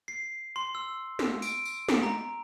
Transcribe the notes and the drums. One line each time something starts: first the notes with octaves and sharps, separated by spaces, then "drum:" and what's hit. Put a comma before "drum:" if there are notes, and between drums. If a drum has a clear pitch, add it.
C7
C6
E6
drum: snare
D7, drum: tambourine
drum: tambourine
drum: snare
A#5